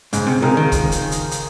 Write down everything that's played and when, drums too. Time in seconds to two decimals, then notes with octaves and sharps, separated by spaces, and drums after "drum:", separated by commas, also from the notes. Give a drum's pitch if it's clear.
0.13 G#2 C#3, drum: hi-hat
0.26 C3
0.42 C3 F3 G#3 D#4 A#4
0.57 D#3
0.72 drum: kick, hi-hat
0.92 drum: hi-hat
1.11 drum: hi-hat
1.31 drum: hi-hat